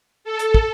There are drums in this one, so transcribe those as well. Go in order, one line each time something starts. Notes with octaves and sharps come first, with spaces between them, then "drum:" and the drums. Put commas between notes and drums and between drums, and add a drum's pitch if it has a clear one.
A4
drum: hi-hat
drum: kick